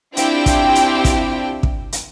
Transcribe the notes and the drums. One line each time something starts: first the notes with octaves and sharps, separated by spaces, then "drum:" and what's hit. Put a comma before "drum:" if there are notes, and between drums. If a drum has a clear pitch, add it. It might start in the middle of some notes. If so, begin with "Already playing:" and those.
C4 D4 E4 F4 G4 G5, drum: hi-hat
drum: kick, hi-hat
drum: hi-hat
drum: kick, hi-hat
drum: kick
drum: hi-hat